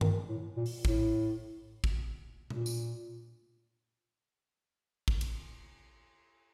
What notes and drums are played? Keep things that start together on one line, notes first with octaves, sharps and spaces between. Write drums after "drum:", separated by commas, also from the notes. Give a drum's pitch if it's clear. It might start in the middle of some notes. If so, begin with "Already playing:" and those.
D#3, drum: tom G2
A2
A#2
drum: open hi-hat
A2, drum: kick
drum: kick
A#2, drum: tom B2
drum: tambourine
drum: kick
drum: cymbal